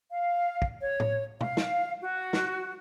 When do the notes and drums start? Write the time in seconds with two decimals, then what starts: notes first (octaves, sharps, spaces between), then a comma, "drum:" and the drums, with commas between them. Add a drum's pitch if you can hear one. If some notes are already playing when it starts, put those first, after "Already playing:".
0.11 F5
0.62 drum: kick
0.81 C#5
1.00 drum: tom A2
1.41 F5, drum: tom B2
1.57 drum: snare
2.02 F#4
2.33 drum: snare